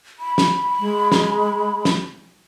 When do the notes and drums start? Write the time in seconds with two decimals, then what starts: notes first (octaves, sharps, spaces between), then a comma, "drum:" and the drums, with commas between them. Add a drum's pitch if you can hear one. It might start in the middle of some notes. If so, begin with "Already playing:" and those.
0.19 B5
0.38 drum: snare
0.80 G#3
1.12 drum: snare
1.85 drum: snare